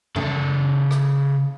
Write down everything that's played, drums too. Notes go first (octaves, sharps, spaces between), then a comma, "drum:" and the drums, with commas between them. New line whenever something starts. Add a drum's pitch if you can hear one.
C#3 A4, drum: tom F#2
drum: rim click